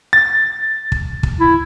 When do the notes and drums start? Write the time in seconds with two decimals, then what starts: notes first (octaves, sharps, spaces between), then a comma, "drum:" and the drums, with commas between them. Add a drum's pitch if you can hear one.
0.13 A6
0.92 drum: kick
1.23 drum: kick
1.40 E4